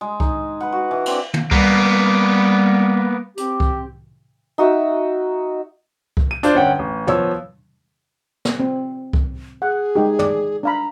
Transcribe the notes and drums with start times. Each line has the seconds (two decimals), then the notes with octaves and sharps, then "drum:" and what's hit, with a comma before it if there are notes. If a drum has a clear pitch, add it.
0.01 G#3
0.20 D#4, drum: kick C2
0.61 B4 F#5
0.73 F#4
0.91 E3
1.06 E3 C4 D4, drum: cymbal
1.34 drum: tom
1.51 G3 A#3 B3, drum: kick C2
3.37 C4 G4, drum: hi-hat
3.60 drum: kick C2
4.58 D#4 F#4 D#5 E5
6.17 drum: kick C2
6.31 D#7
6.43 D4 F4 C5 D5, drum: hi-hat
6.55 G1 C#4 F#5 G5
6.79 A1
7.07 F3 B3 C#5 E6, drum: tom
8.45 drum: snare
8.60 C4
9.13 drum: kick C2
9.62 G#4 F#5
9.96 G#3 D#4 G4
10.19 D5, drum: tom
10.63 D4 F5 A#5 B5